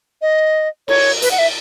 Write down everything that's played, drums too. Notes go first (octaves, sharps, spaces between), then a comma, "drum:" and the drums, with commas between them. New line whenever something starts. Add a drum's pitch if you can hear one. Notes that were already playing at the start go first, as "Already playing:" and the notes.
D#5
C#5, drum: cymbal
B4, drum: hi-hat
F#5
E5